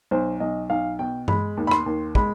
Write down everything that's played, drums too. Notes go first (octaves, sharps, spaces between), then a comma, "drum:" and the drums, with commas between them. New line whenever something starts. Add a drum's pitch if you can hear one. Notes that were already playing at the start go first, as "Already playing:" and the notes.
B1 C5
B1 D#5
B1 F5
B2 G5
G#3 B5, drum: tom G2
D#2
B5
C6, drum: rim click
D#2
G#3 B5, drum: kick